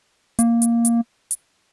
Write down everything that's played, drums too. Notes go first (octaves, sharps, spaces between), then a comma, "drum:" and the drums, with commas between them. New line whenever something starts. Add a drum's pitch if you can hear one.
A#3, drum: hi-hat
drum: hi-hat
drum: hi-hat
drum: hi-hat